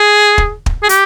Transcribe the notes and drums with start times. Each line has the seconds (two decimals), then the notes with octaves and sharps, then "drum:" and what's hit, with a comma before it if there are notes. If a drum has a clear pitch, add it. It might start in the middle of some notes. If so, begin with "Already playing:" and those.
Already playing: G#4
0.38 drum: kick
0.66 drum: kick
0.83 G#4
0.89 G4, drum: hi-hat